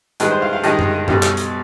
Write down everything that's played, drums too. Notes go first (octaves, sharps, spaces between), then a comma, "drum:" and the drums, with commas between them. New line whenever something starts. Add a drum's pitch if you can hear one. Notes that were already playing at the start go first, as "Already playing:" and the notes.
G2 D#3 G#3 B4, drum: hi-hat
C5
F5
F5
G2 D#3 G#3 D#5, drum: hi-hat
drum: tom F#2
B1 B2 G3, drum: tom F#2
drum: clap
drum: hi-hat